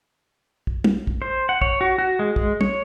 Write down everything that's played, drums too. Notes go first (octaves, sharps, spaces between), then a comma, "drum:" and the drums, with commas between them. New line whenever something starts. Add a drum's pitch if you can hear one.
drum: kick
drum: tom
drum: kick
C5
F#5
C#5, drum: kick
F#4
F#4
G#3
G#3, drum: kick
C#5, drum: tom